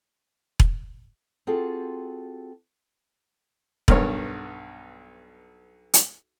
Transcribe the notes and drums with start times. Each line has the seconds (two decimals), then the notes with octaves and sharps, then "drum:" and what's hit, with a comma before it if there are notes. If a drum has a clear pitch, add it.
0.60 drum: kick E1
1.47 C4 F4 F#4 G#4 A4
3.88 B1 G2 A#4 C#5, drum: kick E1
5.94 drum: hi-hat